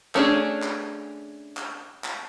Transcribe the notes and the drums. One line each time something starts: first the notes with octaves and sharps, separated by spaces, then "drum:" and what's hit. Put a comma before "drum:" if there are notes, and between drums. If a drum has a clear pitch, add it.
A3 C#4 D4 G#4, drum: clap
drum: clap
drum: clap
drum: clap